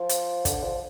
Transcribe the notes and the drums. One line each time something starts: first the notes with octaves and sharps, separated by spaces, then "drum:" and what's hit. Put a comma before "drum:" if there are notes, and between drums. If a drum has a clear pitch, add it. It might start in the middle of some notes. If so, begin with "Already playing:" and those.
Already playing: F3
drum: hi-hat
D3, drum: kick, hi-hat
F3